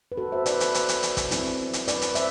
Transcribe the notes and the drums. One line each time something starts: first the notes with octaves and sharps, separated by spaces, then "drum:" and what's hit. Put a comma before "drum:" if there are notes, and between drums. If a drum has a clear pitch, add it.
B4
F#4 A4
C5 E5
B4 D5, drum: hi-hat
drum: hi-hat
drum: hi-hat
drum: hi-hat
drum: hi-hat
drum: kick, hi-hat
F#3 C4 E4, drum: hi-hat
drum: hi-hat
B4 D5, drum: hi-hat
drum: hi-hat
C5 E5, drum: hi-hat